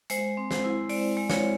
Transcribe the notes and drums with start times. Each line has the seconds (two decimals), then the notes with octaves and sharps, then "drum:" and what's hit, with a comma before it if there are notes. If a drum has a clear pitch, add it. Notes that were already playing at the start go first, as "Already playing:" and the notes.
0.10 G#3 C5, drum: hi-hat
0.37 C4
0.51 C5, drum: snare
0.64 E4
0.89 G#3 D5, drum: open hi-hat
1.17 G#3
1.30 C#5, drum: snare